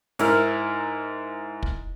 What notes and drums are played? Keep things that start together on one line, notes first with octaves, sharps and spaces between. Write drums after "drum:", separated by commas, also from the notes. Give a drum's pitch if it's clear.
G#2 E4 A#4 F6, drum: hi-hat
drum: kick